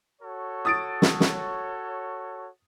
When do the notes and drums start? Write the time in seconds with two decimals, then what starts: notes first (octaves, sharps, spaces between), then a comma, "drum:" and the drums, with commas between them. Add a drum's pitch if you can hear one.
0.22 F#4 A4 C#5
0.65 D#6 A6 D7
1.02 drum: snare
1.20 drum: snare